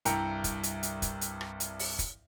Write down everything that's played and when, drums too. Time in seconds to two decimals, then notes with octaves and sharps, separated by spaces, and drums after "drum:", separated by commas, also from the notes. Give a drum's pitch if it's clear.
0.05 C2 G2 E4 G5 A#5 C#7, drum: hi-hat
0.44 drum: kick, hi-hat
0.63 drum: hi-hat
0.83 drum: hi-hat
1.02 drum: kick, hi-hat
1.21 drum: hi-hat
1.41 drum: rim click
1.60 drum: hi-hat
1.79 drum: open hi-hat
1.99 drum: kick, hi-hat